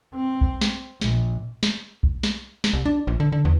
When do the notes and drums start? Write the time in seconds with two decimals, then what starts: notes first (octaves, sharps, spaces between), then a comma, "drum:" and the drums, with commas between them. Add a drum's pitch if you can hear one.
0.15 C4
0.41 drum: kick B1
0.61 drum: snare
1.01 A#1, drum: snare
1.63 drum: snare
2.03 drum: kick B1
2.23 drum: snare
2.64 drum: snare
2.73 C2
2.86 D4
3.07 A#1
3.20 D3
3.32 D3
3.45 E2